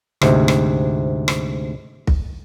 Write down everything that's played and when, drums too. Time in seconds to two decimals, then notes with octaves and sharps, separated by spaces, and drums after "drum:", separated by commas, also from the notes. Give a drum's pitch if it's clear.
0.22 D2 G#2 C3, drum: rim click
0.48 drum: rim click
1.28 drum: rim click
2.07 drum: kick